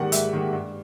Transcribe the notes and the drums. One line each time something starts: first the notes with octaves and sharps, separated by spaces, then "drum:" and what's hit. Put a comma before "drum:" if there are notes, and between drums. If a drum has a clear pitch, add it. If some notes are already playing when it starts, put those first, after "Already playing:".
Already playing: G#2 D#3 G3 A#3 F#5
G#2 E5, drum: hi-hat
D#3 G3 A#3
G2